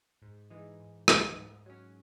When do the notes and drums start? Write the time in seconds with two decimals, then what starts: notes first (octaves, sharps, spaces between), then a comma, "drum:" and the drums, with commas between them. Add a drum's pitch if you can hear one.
0.22 G#2
0.50 E3 G#3 D#4
0.80 G#2
1.08 E3 G#3 D#4, drum: rim click
1.36 G#2
1.66 F#3 C#4